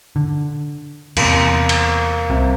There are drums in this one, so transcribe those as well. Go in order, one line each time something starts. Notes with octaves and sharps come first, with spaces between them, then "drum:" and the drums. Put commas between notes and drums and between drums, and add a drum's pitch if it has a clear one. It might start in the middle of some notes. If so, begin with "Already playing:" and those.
D3
E2 C3 A#3, drum: cymbal
drum: cymbal
C2 C3